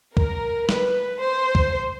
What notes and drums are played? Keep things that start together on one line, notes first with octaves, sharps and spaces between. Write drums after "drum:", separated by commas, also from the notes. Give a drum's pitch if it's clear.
A#4, drum: kick
B4, drum: snare
C5
drum: kick